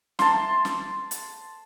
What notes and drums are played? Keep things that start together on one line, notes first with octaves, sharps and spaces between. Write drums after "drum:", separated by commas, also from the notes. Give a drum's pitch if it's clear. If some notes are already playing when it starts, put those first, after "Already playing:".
A5 C6, drum: snare
drum: snare
drum: hi-hat